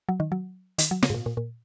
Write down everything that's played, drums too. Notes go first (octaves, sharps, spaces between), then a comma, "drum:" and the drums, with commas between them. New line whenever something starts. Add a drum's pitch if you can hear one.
F#3
D#3
F#3
D#3, drum: hi-hat
F#3
C#3, drum: snare
G#2
A#2
A#2
A#2